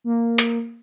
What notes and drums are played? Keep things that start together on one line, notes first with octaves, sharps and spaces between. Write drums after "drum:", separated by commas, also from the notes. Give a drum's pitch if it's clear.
A#3
drum: hi-hat